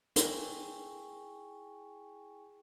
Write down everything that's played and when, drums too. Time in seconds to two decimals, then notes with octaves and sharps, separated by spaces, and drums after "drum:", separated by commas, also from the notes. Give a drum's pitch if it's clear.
0.16 E4 G#4 G5 G#5 C#6, drum: hi-hat